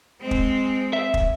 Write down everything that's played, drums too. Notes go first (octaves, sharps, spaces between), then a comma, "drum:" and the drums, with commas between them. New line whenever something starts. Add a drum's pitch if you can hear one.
G#3 C4
drum: kick
E5
drum: kick